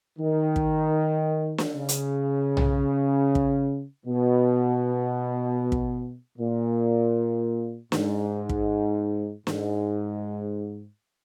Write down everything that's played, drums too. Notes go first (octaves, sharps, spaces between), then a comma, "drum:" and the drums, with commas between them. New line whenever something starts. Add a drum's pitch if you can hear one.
D#3
drum: kick
drum: snare
C#3
drum: hi-hat
drum: tom
drum: kick
B2
drum: kick
A#2
G#2, drum: snare
drum: kick
G#2, drum: snare